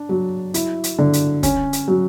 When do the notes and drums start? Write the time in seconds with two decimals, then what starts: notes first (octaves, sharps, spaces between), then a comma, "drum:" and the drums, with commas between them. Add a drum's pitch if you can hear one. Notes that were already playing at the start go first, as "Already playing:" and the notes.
Already playing: D4
0.09 F#3
0.54 E4, drum: hi-hat
0.84 drum: hi-hat
0.98 D3
1.13 drum: hi-hat
1.43 C#4, drum: kick, hi-hat
1.73 drum: hi-hat
1.88 F#3